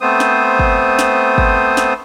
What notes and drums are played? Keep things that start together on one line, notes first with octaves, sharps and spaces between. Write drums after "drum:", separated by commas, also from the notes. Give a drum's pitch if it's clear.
A3 B3 C4 C5 D#6
drum: snare
drum: kick
drum: snare
drum: kick
drum: snare